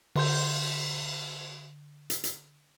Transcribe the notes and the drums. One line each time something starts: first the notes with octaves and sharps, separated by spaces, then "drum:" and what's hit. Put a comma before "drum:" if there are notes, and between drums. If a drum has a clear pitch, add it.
D3 C6 G6, drum: cymbal
drum: hi-hat
drum: hi-hat